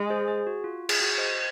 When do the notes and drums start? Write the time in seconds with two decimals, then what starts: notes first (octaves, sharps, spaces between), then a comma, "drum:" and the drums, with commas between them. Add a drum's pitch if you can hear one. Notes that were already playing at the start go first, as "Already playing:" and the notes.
Already playing: G#3
0.10 G#4 C5
0.28 G#4
0.47 F#4
0.64 F4
0.89 G#4, drum: cymbal
1.00 F#4
1.18 C5 D#5